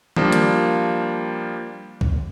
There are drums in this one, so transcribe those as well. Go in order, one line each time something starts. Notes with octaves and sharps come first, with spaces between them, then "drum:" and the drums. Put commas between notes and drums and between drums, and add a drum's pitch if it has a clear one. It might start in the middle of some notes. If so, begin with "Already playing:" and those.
F3 G3 A#3 D4, drum: tom D#3
drum: hi-hat
drum: kick